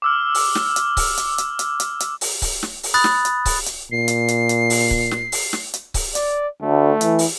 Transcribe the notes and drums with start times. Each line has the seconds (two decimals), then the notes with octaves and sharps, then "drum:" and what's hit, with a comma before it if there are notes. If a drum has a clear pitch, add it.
0.02 D6 E6 F6
0.35 drum: open hi-hat
0.55 drum: snare
0.76 drum: hi-hat
0.97 drum: kick C#1, open hi-hat
1.17 drum: hi-hat
1.38 drum: hi-hat
1.59 drum: hi-hat
1.80 drum: hi-hat
2.00 drum: hi-hat
2.21 drum: open hi-hat
2.42 drum: kick C#1, open hi-hat
2.63 drum: snare
2.83 drum: open hi-hat
2.94 B5 D#6 F#6 A6
3.04 drum: snare
3.25 drum: hi-hat
3.45 drum: kick C#1, open hi-hat
3.66 drum: hi-hat
3.92 A#2 C7
4.08 drum: hi-hat
4.28 drum: hi-hat
4.49 drum: hi-hat
4.70 drum: open hi-hat
4.91 drum: kick C#1
5.11 drum: snare
5.32 drum: open hi-hat
5.53 drum: snare
5.74 drum: hi-hat
5.94 drum: kick C#1, open hi-hat
6.15 D5, drum: hi-hat
6.62 D2 A3
7.01 E3, drum: hi-hat
7.19 drum: open hi-hat